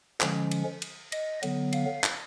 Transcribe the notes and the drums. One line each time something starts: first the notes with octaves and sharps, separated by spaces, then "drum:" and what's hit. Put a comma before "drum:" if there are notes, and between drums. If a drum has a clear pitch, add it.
D3 F3 G#3 C#4, drum: clap
drum: cymbal
drum: cymbal
D#5, drum: cymbal
D3 F#3 B3, drum: cymbal
F5, drum: cymbal
drum: clap